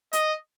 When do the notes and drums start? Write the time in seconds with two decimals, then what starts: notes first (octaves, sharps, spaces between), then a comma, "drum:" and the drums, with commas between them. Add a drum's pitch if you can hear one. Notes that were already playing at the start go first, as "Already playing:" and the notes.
0.13 D#5, drum: hi-hat